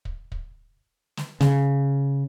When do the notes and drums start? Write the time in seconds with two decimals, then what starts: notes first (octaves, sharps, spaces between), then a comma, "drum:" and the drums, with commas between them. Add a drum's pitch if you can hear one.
0.05 drum: kick
0.32 drum: kick
1.17 drum: snare
1.41 C#3, drum: snare